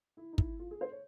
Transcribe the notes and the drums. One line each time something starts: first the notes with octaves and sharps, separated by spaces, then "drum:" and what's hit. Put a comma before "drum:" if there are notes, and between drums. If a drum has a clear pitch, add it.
E4
D#4
E4, drum: kick
F4
G#4
C5
C#5